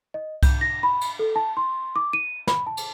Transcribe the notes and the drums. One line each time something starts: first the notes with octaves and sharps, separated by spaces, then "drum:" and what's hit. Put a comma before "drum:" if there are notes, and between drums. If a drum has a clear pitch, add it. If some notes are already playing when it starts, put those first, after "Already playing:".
D#5
G6, drum: kick C2, cymbal
A#6
B5
drum: cymbal
A4
A5
C6
D6
D#7
B5, drum: snare
A5
drum: cymbal